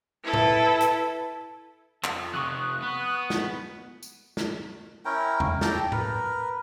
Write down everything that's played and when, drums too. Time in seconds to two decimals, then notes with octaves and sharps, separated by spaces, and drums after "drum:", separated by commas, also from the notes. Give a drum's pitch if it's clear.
0.23 E4 A4 B4
0.33 drum: tom A2
0.80 drum: hi-hat
2.04 F2, drum: clap
2.34 F2 C3 C#6 D#6 F#6
2.82 B3
3.30 drum: snare
4.03 drum: tambourine
4.37 drum: snare
5.05 C#4 E4 A#4 G5
5.40 drum: tom E2
5.61 G4 A4 G5 A#5, drum: snare
5.92 A#4 B4, drum: tom A2